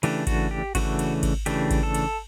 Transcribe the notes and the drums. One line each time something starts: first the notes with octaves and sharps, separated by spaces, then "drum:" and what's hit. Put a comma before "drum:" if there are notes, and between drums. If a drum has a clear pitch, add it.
C#3 E3 A3 D4 G4, drum: cymbal
F#4, drum: kick G#1, cymbal
G4
C#3 E3 A3 D4 F#4, drum: kick G#1, cymbal
drum: cymbal
drum: kick G#1, cymbal
C#3 E3 A3 D4 G4, drum: cymbal
drum: kick G#1, cymbal
A4
drum: cymbal